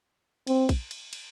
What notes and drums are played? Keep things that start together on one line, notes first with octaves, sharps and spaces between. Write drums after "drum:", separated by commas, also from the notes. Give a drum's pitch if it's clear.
C4, drum: cymbal
drum: kick, cymbal
drum: cymbal
drum: cymbal